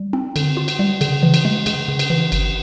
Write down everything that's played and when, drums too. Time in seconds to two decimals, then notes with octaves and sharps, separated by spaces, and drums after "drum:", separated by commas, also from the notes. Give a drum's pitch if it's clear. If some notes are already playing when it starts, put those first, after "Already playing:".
Already playing: G3
0.13 C4
0.36 D3, drum: cymbal
0.57 F4
0.68 drum: cymbal
0.79 G3
1.01 C#3, drum: cymbal
1.23 E3
1.34 drum: cymbal
1.45 G#3
1.66 C#3, drum: cymbal
1.88 C#3
1.99 drum: cymbal
2.10 E3
2.32 G1, drum: cymbal